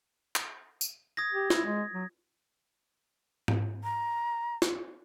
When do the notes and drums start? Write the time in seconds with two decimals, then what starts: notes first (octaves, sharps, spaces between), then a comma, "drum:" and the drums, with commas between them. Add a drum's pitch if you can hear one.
0.36 drum: clap
0.81 drum: tambourine
1.17 D#6 G#6 A#6
1.32 G4
1.50 E4, drum: snare
1.65 G#3
1.94 F#3
3.48 drum: tom G#2
3.84 A#5
4.62 drum: snare